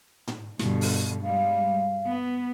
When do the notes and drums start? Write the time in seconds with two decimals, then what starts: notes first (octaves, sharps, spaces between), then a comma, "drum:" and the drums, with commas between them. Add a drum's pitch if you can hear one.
0.28 drum: tom
0.59 G2 B2 D3, drum: snare
0.81 drum: open hi-hat
1.22 G3 G#3 F5
2.07 B3